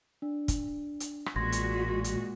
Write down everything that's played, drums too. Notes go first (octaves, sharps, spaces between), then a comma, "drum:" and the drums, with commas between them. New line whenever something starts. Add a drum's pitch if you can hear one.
D4
drum: kick, hi-hat
drum: hi-hat
drum: rim click
A1 A#2 G#3 F#4 C6 G#6 A#6
drum: hi-hat
drum: hi-hat